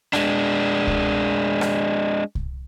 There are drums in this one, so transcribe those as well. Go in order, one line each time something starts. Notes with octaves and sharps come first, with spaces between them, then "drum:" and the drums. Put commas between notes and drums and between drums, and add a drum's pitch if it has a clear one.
G#3 D4, drum: rim click
drum: kick C2
drum: rim click
drum: kick C2